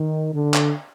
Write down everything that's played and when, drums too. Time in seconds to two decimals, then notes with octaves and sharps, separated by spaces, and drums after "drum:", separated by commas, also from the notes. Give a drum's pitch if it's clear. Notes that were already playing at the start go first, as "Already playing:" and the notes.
Already playing: D#3
0.33 D3
0.54 drum: clap